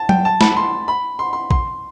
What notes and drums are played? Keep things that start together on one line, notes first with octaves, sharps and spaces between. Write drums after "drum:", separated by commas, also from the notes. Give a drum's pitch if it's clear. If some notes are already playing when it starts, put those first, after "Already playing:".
Already playing: A5
G5, drum: tom F#3
A5
B5, drum: snare
C6
B5
C6
C6
C6, drum: kick